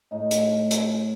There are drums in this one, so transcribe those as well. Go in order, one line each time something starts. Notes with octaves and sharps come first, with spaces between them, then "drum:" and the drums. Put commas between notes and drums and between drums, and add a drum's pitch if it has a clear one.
A2 D#4
drum: hi-hat
drum: hi-hat